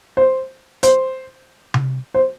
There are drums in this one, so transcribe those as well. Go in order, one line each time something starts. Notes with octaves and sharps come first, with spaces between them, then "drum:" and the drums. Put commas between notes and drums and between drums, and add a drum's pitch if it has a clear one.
C5
C5, drum: hi-hat
drum: tom C3
C5